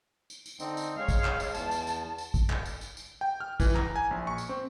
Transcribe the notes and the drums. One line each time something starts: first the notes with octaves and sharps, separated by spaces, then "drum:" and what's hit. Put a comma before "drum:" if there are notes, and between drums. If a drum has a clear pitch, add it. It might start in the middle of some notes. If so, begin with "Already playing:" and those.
drum: tambourine
drum: tambourine
D3 C4 D#4, drum: tambourine
drum: tambourine
G#3 C#5 F5
drum: kick, tambourine
drum: clap
drum: tambourine
E2 A5, drum: tambourine
drum: tambourine
drum: tambourine
drum: tambourine
drum: kick, tambourine
drum: clap
drum: tambourine
drum: tambourine
drum: tambourine
G5
F6
E3, drum: kick, tambourine
A#5, drum: clap
G#5
A#1
C#6
drum: tambourine
C4